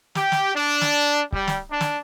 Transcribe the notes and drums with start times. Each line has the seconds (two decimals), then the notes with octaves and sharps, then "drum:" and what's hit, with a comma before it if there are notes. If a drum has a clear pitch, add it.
0.15 G4, drum: snare
0.32 drum: snare
0.54 D4
0.81 drum: snare
1.32 G3, drum: kick C#1
1.48 drum: snare
1.71 D4
1.81 drum: snare